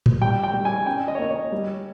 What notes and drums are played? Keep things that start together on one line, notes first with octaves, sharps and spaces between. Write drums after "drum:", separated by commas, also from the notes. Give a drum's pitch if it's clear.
drum: tom A2
G3 G5
G5
G3
G#5
C#4 G5
D#5
C#5
A#3 D#5
C#5
G3